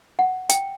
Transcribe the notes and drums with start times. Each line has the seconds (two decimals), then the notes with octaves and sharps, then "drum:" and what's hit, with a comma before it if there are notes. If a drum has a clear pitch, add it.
0.19 F#5
0.49 G5, drum: hi-hat